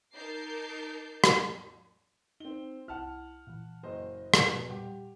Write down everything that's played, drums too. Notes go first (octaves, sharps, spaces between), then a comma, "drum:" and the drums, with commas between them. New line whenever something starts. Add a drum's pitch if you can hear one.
D#4 A#4 A5 D6 G6 C7
drum: rim click
C4 D#4 G7
C2 E4 F#5 A5 F6
A#2 E3
F#1 C5 D#5
B2, drum: rim click
A#2 G3 G4 F#5